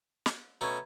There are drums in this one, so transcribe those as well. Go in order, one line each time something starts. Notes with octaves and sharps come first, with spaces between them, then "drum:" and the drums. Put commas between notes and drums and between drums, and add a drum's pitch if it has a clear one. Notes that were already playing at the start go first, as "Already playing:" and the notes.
drum: snare
B2 A3 C#4 A#5 B5 G#6